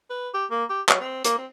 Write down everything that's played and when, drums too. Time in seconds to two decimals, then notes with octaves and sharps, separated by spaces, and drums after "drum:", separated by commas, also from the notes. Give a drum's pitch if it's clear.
0.10 B4
0.34 G4
0.51 A#3
0.70 G4
0.89 F#3, drum: clap
1.01 C4
1.24 A#3, drum: hi-hat
1.38 C4